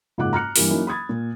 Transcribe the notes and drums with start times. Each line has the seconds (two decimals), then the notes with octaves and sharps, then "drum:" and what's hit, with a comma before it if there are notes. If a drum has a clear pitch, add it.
0.18 F#1 G#2 F4 F#5 D6 F#6
0.33 A#5 F6 F#6 C#7
0.56 G2 E3 G3 A#3, drum: open hi-hat
0.69 F#3 A#3 C#4 D#4 E4
0.87 B5 D#6 G#6 A6
1.09 A#2